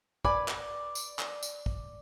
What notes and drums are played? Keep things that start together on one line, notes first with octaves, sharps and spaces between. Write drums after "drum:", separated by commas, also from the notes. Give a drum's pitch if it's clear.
B4 D5 G#5, drum: kick
drum: clap
drum: tambourine
drum: clap
drum: tambourine
drum: kick